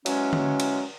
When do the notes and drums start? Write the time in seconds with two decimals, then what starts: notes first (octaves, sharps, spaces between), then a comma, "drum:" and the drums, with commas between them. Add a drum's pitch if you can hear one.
0.06 E3 F#3 G#3 C#4, drum: cymbal
0.33 drum: tom D3
0.60 drum: cymbal